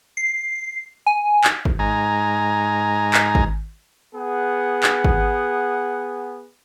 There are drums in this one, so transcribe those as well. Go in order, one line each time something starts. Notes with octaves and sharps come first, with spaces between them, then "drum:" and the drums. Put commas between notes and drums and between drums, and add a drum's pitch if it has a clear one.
C7
G#5
drum: clap
drum: kick G#1
G#2 G#5 A#5
drum: clap
drum: kick G#1
B3 G#4 F#5
drum: clap
drum: kick G#1